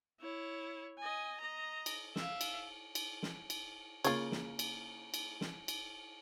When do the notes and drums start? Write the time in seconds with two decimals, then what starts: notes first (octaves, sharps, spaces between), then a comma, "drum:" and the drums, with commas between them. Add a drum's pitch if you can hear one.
0.21 E4 C#5
0.99 D#5 G#5
1.40 D#5 A#5
1.86 drum: cymbal
2.16 E5 F5, drum: snare
2.41 drum: cymbal
2.95 drum: cymbal
3.23 drum: snare
3.50 drum: cymbal
4.04 C#3 A#3 F4 C#5, drum: cymbal
4.32 drum: snare
4.59 drum: cymbal
5.14 drum: cymbal
5.41 drum: snare
5.68 drum: cymbal